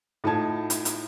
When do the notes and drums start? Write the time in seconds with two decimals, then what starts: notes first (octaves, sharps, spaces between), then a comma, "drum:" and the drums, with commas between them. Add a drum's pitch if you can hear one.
0.24 A2 D#4 F4 A5 G#6
0.70 drum: hi-hat
0.85 drum: hi-hat